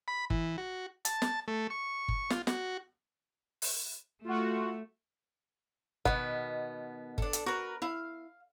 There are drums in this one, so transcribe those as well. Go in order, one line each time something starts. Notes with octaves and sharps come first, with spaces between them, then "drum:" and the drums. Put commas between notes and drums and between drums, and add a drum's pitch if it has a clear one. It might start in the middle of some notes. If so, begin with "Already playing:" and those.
B5
E3, drum: kick G1
F#4
A5, drum: hi-hat
drum: snare
A3
C#6
drum: kick G1
F4, drum: snare
F#4, drum: snare
drum: open hi-hat
A3 F4 F#4
B2 D#3 B3, drum: kick G1
D4 A4, drum: kick G1
drum: hi-hat
F#4 A#4 B4
E4 F5